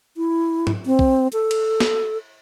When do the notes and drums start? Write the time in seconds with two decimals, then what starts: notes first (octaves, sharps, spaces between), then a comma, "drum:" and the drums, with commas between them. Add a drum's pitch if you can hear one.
0.17 E4
0.67 drum: tom
0.86 C4
0.99 drum: kick
1.33 A4
1.51 drum: cymbal
1.80 drum: snare